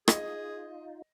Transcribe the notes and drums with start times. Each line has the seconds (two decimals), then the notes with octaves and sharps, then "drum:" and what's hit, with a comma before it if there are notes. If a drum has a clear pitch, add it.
0.08 D#4 F4 G#4 D#5, drum: rim click